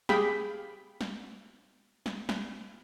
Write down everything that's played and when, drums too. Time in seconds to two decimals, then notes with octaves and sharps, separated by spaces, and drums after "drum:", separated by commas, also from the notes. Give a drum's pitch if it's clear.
0.09 G4 G#4 F5 G5 B5, drum: snare
1.01 drum: snare
2.06 drum: snare
2.29 drum: snare